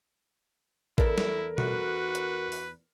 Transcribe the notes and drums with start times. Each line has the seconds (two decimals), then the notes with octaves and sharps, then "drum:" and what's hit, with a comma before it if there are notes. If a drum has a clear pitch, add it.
0.98 E2 E4 A4 A#4, drum: kick A1
1.18 drum: snare
1.58 F#4 B4, drum: tom B2
2.15 drum: hi-hat
2.52 drum: open hi-hat